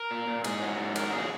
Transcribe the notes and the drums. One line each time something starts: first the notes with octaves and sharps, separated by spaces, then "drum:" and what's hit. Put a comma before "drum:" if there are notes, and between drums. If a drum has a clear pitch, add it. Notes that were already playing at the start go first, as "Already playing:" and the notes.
Already playing: A#4
A#2
A#2
G#2 G#4, drum: cymbal
F#3
G#2
F#3 A#4, drum: cymbal
A#2 G#4